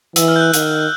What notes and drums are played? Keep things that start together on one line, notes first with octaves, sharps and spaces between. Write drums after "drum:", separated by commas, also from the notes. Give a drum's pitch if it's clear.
E3 E6, drum: hi-hat
F6
G6
F#6
D#3, drum: hi-hat